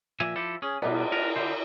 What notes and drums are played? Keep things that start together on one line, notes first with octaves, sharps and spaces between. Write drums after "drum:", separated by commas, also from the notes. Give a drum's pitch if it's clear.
A#2 F3 A#3 E5 G#5
F3 E4 G4 A4
C#4 G#4
B2 G3 B3, drum: cymbal
B3 A#4
D3 E4 C5